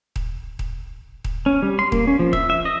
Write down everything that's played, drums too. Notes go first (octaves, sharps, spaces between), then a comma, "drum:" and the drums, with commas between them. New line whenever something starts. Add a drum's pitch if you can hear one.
drum: kick D#1
drum: kick D#1
drum: kick D#1
C#4
G3
C6
A#3, drum: kick D#1
C#4
F3
E5, drum: kick D#1
E5
D#5